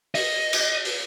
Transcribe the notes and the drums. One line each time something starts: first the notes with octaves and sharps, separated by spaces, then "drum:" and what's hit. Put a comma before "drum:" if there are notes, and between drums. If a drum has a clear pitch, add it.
D#5, drum: open hi-hat
drum: cymbal
drum: open hi-hat